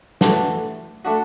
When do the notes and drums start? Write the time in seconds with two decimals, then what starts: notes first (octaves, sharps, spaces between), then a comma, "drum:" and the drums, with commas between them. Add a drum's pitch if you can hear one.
0.21 E3 A3 D4 F#4, drum: snare
1.05 A3 D4 F#4